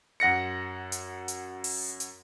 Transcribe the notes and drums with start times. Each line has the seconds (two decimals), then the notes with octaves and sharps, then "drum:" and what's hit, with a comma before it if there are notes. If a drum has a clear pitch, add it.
0.20 F#2 F#5 A#6 C#7
0.92 drum: hi-hat
1.28 drum: hi-hat
1.64 drum: open hi-hat
2.00 drum: hi-hat